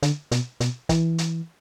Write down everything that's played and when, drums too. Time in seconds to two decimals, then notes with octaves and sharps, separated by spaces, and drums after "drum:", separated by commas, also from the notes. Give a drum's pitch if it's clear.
0.03 D3, drum: hi-hat
0.32 B2, drum: hi-hat
0.60 B2, drum: hi-hat
0.89 E3, drum: kick, hi-hat
1.18 drum: hi-hat